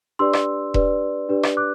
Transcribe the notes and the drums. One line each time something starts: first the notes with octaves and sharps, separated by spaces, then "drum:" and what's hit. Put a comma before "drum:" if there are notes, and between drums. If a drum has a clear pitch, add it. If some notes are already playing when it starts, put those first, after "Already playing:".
D4 G4 B4 D5 C6 E6
drum: rim click
D4 G4 B4 D5, drum: kick E1
D4 G4 B4 D5
drum: rim click
D6 F#6